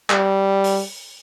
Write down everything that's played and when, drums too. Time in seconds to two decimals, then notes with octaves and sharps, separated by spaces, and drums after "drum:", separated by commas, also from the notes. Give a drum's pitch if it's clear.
0.10 G3, drum: clap
0.64 drum: open hi-hat